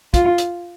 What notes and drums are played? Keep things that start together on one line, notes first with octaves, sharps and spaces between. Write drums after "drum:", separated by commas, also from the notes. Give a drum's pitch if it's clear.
F4, drum: kick, hi-hat
drum: hi-hat